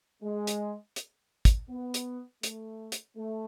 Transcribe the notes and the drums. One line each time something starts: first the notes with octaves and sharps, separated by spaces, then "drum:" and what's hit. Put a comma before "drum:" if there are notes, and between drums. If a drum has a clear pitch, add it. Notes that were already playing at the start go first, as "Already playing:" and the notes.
G#3
drum: hi-hat
drum: hi-hat
drum: kick, hi-hat
B3
drum: hi-hat
A3, drum: hi-hat
drum: hi-hat
A3